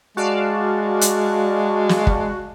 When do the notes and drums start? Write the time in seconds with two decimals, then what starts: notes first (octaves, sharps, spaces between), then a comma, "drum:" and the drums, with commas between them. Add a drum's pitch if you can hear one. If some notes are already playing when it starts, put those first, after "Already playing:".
0.17 G#3 F#4 D5 F5 A5
1.01 drum: hi-hat
1.89 drum: snare
2.07 drum: kick